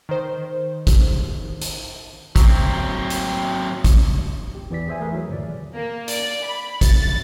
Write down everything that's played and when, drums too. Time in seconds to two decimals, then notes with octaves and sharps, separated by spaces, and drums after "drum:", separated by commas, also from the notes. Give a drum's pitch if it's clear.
0.09 D#3 C5
0.87 drum: kick, hi-hat
1.61 drum: hi-hat
2.36 F#3 C4, drum: kick, hi-hat
3.10 drum: hi-hat
3.84 drum: kick, hi-hat
4.55 G4
4.70 E2 E3 D5 B6
4.87 G#4 C5 E5 G#5
5.00 A3 G#4 A#4 B4
5.13 E3 F#3
5.28 G1 D#2 A#2 D5
5.74 A#3
6.08 D5, drum: hi-hat
6.44 B5
6.81 A6, drum: kick, hi-hat